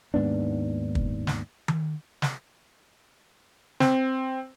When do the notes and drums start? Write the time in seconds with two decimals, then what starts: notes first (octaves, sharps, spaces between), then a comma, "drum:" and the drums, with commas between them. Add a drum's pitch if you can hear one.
0.14 D#2 G#2 B3 D4
0.95 drum: kick
1.27 drum: snare
1.68 drum: tom D#3
2.22 drum: snare
3.80 C4, drum: snare